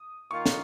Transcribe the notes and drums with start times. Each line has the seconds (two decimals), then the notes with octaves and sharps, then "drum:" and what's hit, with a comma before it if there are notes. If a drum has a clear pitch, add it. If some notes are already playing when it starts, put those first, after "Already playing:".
Already playing: D#6
0.31 D#3 A#3 F4 C#6
0.46 drum: snare